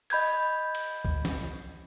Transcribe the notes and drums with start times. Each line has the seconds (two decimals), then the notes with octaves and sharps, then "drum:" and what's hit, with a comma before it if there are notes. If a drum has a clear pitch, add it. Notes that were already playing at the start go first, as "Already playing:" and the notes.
0.10 D#5 B5 G6 G#6, drum: open hi-hat
0.75 drum: cymbal
1.05 drum: kick
1.25 drum: snare